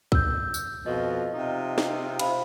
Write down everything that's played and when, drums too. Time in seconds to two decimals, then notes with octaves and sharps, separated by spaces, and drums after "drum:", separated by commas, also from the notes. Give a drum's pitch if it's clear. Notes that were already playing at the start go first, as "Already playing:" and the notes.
0.12 E6 G6, drum: kick
0.54 drum: tambourine
0.86 F2 B2 F4 D#5
1.35 C3 D#4 F4
1.78 drum: snare
2.19 C5 F5 B5, drum: cymbal